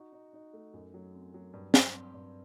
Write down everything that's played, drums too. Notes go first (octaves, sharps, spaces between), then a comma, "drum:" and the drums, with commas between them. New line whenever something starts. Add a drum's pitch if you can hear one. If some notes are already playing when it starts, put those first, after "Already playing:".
Already playing: D#4 F#4
D#4
D#4
A3
F#2
F#3
C4
F#3
G2
F#3, drum: snare
C4
G2